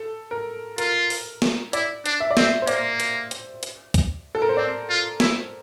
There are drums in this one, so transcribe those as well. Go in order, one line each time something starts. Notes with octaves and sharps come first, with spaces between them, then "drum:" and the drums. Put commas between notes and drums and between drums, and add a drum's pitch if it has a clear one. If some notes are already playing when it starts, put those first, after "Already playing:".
Already playing: A4
A#4
F4 A#4, drum: hi-hat
drum: open hi-hat
drum: snare
E4 D5, drum: hi-hat
D4, drum: hi-hat
E5
D5
C4 E5, drum: snare
C5
A#3 D5, drum: hi-hat
drum: hi-hat
drum: hi-hat
drum: hi-hat
drum: kick, hi-hat
A4
A#4
C5
C4 D5
F4
E4, drum: snare